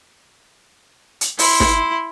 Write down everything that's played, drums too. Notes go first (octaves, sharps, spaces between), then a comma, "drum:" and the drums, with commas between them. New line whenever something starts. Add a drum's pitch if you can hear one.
drum: hi-hat
E4 C6, drum: open hi-hat
drum: snare